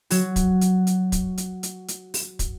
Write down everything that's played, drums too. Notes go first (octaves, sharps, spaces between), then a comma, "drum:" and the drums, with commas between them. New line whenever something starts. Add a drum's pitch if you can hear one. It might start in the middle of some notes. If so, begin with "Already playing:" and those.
F#3 F#4, drum: open hi-hat
drum: kick, hi-hat
drum: hi-hat
drum: hi-hat
drum: kick, hi-hat
drum: hi-hat
drum: hi-hat
drum: hi-hat
drum: open hi-hat
drum: kick, hi-hat